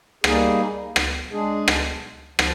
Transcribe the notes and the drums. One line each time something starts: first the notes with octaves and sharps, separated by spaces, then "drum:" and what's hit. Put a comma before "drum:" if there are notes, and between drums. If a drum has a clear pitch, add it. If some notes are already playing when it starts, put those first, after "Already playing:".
G3 A#3 D#4 G#4, drum: rim click
drum: rim click
G#3 D4 G#4
drum: rim click
F3, drum: rim click